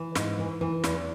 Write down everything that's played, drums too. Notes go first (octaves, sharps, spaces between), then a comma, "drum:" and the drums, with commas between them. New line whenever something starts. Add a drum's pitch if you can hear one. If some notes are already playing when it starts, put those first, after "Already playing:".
Already playing: E3
G#2, drum: snare
E3
E3
E2, drum: snare